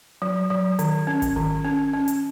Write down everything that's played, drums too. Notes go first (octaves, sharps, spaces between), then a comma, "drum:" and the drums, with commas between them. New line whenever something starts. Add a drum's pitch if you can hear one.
F#3
F#3
D#3, drum: hi-hat
C#4
drum: kick G#1, hi-hat
D#3
C#4
C#4
drum: hi-hat